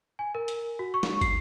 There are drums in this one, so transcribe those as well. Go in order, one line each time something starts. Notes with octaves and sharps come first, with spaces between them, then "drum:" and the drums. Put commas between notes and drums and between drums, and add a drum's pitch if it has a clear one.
G#5
A#4
drum: hi-hat
F#4
C#6
drum: snare
C7, drum: kick, hi-hat